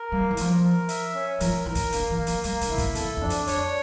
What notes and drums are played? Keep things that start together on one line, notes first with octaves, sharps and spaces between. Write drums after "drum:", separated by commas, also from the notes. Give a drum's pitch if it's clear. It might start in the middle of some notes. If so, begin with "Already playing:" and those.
Already playing: A#4
G3 A#3
F3
E3
F3 A#4, drum: hi-hat
A#4
E5, drum: hi-hat
C#4
F3 A#4, drum: hi-hat
E3 A#4
drum: kick, hi-hat
D3 A#3, drum: hi-hat
E3
A#3
F3, drum: hi-hat
G3 A#3, drum: hi-hat
D3, drum: hi-hat
A#2 E4
C#3, drum: kick, hi-hat
E2 A4, drum: hi-hat
E2
F2 D4
drum: hi-hat
F2 C#5, drum: hi-hat